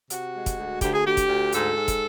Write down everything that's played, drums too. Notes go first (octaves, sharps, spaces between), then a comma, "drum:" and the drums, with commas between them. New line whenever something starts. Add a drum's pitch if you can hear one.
C3 F#4, drum: hi-hat
G#3
drum: kick, hi-hat
D2
D2 G4, drum: kick, hi-hat
G#4
D2 G4
drum: kick, hi-hat
D2
G#2 A4, drum: hi-hat
G#2
drum: kick, hi-hat